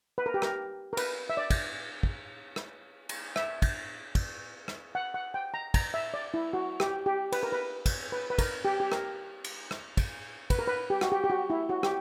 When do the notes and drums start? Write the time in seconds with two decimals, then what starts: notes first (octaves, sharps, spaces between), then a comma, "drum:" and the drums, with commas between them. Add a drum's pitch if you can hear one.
0.18 B4
0.26 A#4
0.34 G4
0.42 A#4, drum: rim click
0.93 A#4
0.97 B4, drum: cymbal
1.30 E5
1.37 D5
1.50 drum: kick, cymbal
2.03 drum: kick
2.56 drum: rim click
3.09 drum: cymbal
3.36 E5, drum: rim click
3.62 drum: kick, cymbal
4.15 drum: kick, cymbal
4.68 drum: rim click
4.95 F#5
5.14 F#5
5.34 G5
5.54 A#5
5.74 A#5, drum: kick, cymbal
5.94 E5
6.14 D5
6.34 E4
6.53 F#4
6.80 G4, drum: rim click
7.06 G4
7.32 B4, drum: cymbal
7.43 A#4
7.52 B4
7.86 drum: kick, cymbal
8.12 B4
8.30 B4
8.38 A#4, drum: kick, cymbal
8.65 G4
8.80 G4
8.92 A#4, drum: rim click
9.44 drum: cymbal
9.71 drum: rim click
9.97 drum: kick, cymbal
10.50 B4, drum: kick, cymbal
10.59 A#4
10.67 B4
10.90 G4
11.01 F#4, drum: rim click
11.12 G4
11.24 G4
11.30 F#4
11.50 E4
11.69 F#4
11.83 G4, drum: rim click